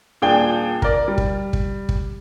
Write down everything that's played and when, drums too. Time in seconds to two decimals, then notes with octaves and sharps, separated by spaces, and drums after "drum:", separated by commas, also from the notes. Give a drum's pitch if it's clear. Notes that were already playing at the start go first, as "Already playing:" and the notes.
0.22 D#1 A#2 D4 G#4 G5 G7
0.82 A#4 D5, drum: kick
1.08 G3
1.18 drum: kick
1.53 drum: kick
1.89 drum: kick